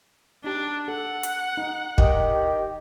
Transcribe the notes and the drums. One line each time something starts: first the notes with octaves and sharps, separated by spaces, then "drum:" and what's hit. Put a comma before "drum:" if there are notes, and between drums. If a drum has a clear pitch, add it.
D4 D#4 G4
A4 F#5
drum: hi-hat
D#4
D#3 D#4 G4 D#5 G5, drum: kick